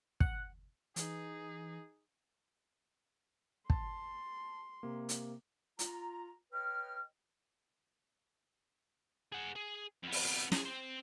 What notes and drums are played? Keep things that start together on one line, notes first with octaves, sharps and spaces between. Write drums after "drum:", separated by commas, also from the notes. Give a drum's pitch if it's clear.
F#5, drum: kick
E3 D#4 G#4, drum: hi-hat
A5 C6, drum: kick
C3 A#3
drum: hi-hat
F4 A#5, drum: hi-hat
B4 C#5 D#5 G5 F6
G#4 F#5
G#4
F2 B3
drum: open hi-hat
G#4, drum: snare
C4 C5